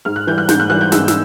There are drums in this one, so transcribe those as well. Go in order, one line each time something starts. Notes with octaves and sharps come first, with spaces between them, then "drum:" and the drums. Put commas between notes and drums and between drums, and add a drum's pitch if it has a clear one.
G#2 F6
F#6
E3 G3 G6
F#6
G#2 G6, drum: snare
F#6
E3 G3 F#6
G6
G#2 E6, drum: snare
E6, drum: snare